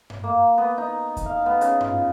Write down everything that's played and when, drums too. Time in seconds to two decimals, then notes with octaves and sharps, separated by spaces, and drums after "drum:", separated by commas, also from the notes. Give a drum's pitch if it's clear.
0.10 drum: tom G2
0.24 A#3
0.58 B3
0.78 D#4
1.17 drum: kick D#2, hi-hat
1.26 F5
1.46 B3
1.61 C#3, drum: hi-hat
1.81 F4, drum: tom G2